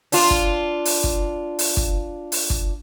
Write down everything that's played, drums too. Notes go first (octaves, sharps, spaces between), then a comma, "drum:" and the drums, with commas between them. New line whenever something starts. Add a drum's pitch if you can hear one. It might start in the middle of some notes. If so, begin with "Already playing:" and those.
D4 F4, drum: open hi-hat
drum: kick
drum: open hi-hat
drum: kick
drum: open hi-hat
drum: kick
drum: open hi-hat
drum: kick